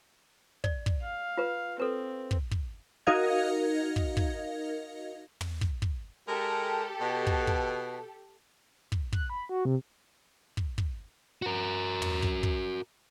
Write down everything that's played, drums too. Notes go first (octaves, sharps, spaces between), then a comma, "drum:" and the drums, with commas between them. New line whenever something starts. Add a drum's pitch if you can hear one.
D5, drum: kick
drum: kick
F5
F4 B4
C4 A4 B4
drum: kick
drum: kick
D#4 F#4 A#4 D#5 F5 G#6
drum: kick
drum: kick
drum: tom
drum: kick
drum: kick
G#3 G4 A4 A#4
B2
drum: kick
drum: kick
drum: kick
F#6, drum: kick
B5
F#4
C3
drum: kick
drum: kick
F#4 A#4
drum: tom
drum: kick
drum: kick